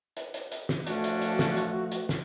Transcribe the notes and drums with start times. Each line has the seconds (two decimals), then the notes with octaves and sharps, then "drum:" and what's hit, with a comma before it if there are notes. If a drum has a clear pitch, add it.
0.17 drum: hi-hat
0.34 drum: hi-hat
0.52 drum: hi-hat
0.69 drum: snare
0.87 F3 A3 C#4 D4 F#4, drum: hi-hat
1.04 drum: hi-hat
1.22 drum: hi-hat
1.39 drum: snare
1.57 drum: hi-hat
1.92 drum: hi-hat
2.09 drum: snare